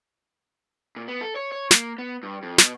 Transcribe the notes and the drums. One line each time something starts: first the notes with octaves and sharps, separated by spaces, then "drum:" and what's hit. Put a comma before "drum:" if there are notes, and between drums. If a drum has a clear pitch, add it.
A#2
B3
A4
C#5
C#5
A#3, drum: snare
B3
G2
F2
B2, drum: snare